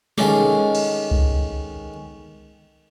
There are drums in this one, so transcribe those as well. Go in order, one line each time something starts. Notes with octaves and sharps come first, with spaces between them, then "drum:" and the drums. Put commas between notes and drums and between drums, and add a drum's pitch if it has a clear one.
D#3 G#3 C#4 A4 D6, drum: snare
drum: cymbal
drum: kick C2